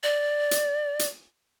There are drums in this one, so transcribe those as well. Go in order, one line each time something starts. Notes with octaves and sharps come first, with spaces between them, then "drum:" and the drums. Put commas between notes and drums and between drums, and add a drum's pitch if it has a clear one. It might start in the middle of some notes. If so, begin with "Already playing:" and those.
D5
drum: hi-hat
drum: hi-hat